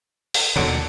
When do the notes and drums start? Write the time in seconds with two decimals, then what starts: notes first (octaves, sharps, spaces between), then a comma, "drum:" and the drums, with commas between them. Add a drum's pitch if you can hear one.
0.34 drum: open hi-hat
0.56 D#2 B2 D3 F#3